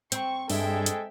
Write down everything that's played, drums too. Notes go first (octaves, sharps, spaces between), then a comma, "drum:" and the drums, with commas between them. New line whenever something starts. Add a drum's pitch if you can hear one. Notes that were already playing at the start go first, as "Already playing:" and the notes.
C4 C#6, drum: hi-hat
G2 G#3 G#4 A4 E5 G5, drum: open hi-hat
drum: hi-hat